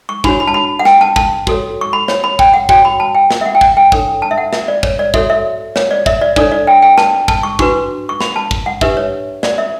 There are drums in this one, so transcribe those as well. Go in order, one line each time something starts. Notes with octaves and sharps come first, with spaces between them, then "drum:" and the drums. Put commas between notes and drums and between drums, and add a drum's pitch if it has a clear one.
C#6
D4 F#4 C#5 B5, drum: kick
B5
A5
B5
F#5
G5, drum: snare
A5
A5, drum: kick
F#4 A4 C#5, drum: kick
C#6
B5
C#5, drum: snare
B5
G5, drum: kick
F#5
F#4 C#5 G5, drum: kick
B5
A5
G5
drum: snare
E5
F#5
G5
F#5, drum: kick
G5
D4 A4 C#5, drum: kick
A5
E5
F#5
E5, drum: snare
D5
C#5, drum: kick
D5
F#4 A4 C#5 E5, drum: kick
E5
C#5, drum: snare
D5
E5, drum: kick
D5
D4 A4 C#5 D5, drum: kick
D5
G5
G5
A5, drum: snare
A5, drum: kick
C#6
D4 F#4 B4 C#6, drum: kick
C#6
B5, drum: snare
A5
drum: kick
F#5
D4 G4 B4 E5, drum: kick
C#5
D5, drum: snare
E5